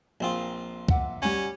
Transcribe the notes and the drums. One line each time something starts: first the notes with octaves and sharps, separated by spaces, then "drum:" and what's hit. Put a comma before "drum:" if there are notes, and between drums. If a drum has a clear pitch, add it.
A#1 C4 F4 G#5 A#5 D#6
E5 F#5 D6, drum: kick C#2
G3 C#4 F#4 G#5